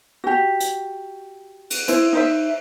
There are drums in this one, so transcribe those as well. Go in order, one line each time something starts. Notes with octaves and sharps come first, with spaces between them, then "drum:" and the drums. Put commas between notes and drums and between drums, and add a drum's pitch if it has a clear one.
F#4 G4
drum: hi-hat
drum: cymbal
E4 C5, drum: hi-hat
D#4 C5 E5